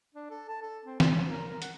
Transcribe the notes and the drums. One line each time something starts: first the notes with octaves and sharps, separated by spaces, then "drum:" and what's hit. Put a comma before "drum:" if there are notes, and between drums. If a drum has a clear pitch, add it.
D4
A4
A5
A4
C4
C6, drum: snare
C#4
A#4
A#4
F#5, drum: hi-hat